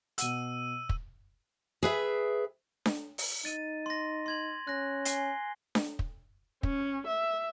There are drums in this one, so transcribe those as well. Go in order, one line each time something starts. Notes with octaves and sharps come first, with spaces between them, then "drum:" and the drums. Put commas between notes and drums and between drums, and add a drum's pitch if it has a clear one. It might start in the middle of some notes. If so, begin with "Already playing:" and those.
B2 F#5 E6 D#7, drum: hi-hat
drum: kick
G#4 B4 E5 G5
drum: snare D4
drum: open hi-hat
D#4 A6 D#7
C6 A#6
C6 G#6 F#7
C#4 F#6 A#6
G#5 C7 G7, drum: hi-hat
drum: snare D4
drum: kick
C#4, drum: kick
E5